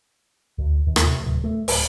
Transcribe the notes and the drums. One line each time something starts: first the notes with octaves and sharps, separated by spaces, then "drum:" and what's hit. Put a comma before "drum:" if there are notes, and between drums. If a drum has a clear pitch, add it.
D2
D#2
drum: rim click
C3
D1
A3
D1, drum: open hi-hat